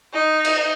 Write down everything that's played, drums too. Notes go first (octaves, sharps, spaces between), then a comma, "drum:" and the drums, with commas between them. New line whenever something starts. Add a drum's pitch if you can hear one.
D#4
drum: cymbal